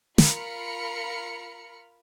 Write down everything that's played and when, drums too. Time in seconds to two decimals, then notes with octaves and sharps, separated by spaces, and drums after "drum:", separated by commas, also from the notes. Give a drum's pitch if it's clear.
0.18 F4 A#4 B5 F6 C#7, drum: snare